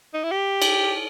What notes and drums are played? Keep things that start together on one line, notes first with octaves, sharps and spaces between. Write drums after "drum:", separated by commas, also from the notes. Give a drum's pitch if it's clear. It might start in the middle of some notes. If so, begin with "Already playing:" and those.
D#4
E4
G4
drum: cymbal